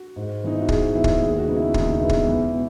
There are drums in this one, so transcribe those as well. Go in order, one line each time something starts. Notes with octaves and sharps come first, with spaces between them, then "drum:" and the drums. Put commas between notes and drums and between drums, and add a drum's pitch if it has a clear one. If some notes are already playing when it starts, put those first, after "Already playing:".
Already playing: F#4
G#2
E3 B3 D#4
E4
F#4
G#2 G#4, drum: kick
E3 B3 E4
drum: kick
D#2 G#4
F#4
C#3 G#3 B3 D#4
E4
D#2 D#4, drum: kick
C#3 G#3 B3 E4
drum: kick
E2
B2